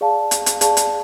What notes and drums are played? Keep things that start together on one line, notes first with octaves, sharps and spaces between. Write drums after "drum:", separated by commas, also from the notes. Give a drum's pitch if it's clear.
G#4 D5 F5 A5
drum: hi-hat
drum: hi-hat
G#4 D5 F5 A5, drum: hi-hat
drum: hi-hat